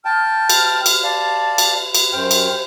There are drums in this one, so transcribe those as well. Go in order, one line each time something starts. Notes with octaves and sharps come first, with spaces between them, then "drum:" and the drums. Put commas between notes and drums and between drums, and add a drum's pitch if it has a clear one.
G5 A5 F6
drum: cymbal
drum: cymbal
D5 F5 A5
drum: cymbal
drum: cymbal
F#2 C5 G5 F6
drum: cymbal